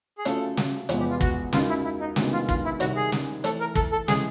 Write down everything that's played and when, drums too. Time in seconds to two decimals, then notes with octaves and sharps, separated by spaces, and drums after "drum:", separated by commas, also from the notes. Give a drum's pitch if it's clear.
0.18 G#4
0.25 C#3 F#3 A3 C#4 F4 A4, drum: hi-hat
0.57 drum: snare
0.89 E2 C3 F3 G#3 B3, drum: hi-hat
0.99 G4
1.10 F4
1.21 F#4, drum: kick
1.53 C#2 C#3 F#3 A#3 D#4 F4, drum: snare
1.69 E4
1.84 E4
2.00 D#4
2.16 D2 C3 D#3 G#3 B3, drum: snare
2.33 F4
2.49 F4, drum: kick
2.65 E4
2.80 C2 C3 D#3 G3 F#4, drum: hi-hat
2.96 G#4
3.12 drum: snare
3.44 E3 A3 C4 A4, drum: hi-hat
3.60 A#4
3.75 A4, drum: kick
3.92 A4
4.08 C3 E3 G#3 G#4, drum: snare